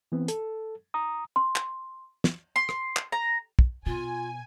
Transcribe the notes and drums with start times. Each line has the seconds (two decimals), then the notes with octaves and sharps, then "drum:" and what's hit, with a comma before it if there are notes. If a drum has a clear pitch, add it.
0.12 E3 B3 C4
0.28 A4, drum: hi-hat
0.94 A#5 D#6
1.36 C6
1.56 drum: clap
2.24 drum: snare
2.56 C6
2.69 drum: rim click
2.96 drum: clap
3.12 A#5
3.59 drum: kick
3.86 B2 F4 G#5